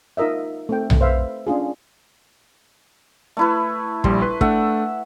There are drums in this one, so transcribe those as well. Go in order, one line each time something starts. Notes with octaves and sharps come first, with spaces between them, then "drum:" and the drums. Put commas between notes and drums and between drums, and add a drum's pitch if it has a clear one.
D#4 F4 A#4 D#5 E5
A3 C4 G5
drum: tom B1
B4 C5 E5 F5
C#4 D4 F4 G#4
A3 E4 B4
A#1 G3 C6, drum: kick
B4 C6
A3 D4 E5 F#5, drum: kick